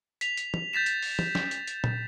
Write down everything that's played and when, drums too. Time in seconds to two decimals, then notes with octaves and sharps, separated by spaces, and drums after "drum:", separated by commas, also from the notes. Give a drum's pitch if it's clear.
0.21 B6 F7, drum: hi-hat
0.37 drum: hi-hat
0.54 drum: tom
0.73 G6 A6 B6 E7
0.86 drum: hi-hat
1.02 drum: open hi-hat
1.19 drum: tom
1.35 drum: snare
1.51 drum: hi-hat
1.67 drum: hi-hat
1.84 drum: tom A#2